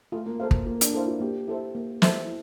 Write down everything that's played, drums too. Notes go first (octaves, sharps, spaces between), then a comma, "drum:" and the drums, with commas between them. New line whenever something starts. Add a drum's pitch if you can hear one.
A3 F4
A#3
A#3 A4 C5 F5
drum: kick
A#3 F4
D4, drum: hi-hat
E4 A4 C5 F5
F4
A#3 G4
E4 A4 C5 E5
A#3
E4 A4 C5 E5, drum: snare
E4